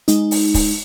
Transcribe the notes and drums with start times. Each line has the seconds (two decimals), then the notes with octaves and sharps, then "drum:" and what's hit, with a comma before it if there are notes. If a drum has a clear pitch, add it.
0.08 G#3 D#4, drum: hi-hat
0.31 drum: open hi-hat
0.54 drum: kick, open hi-hat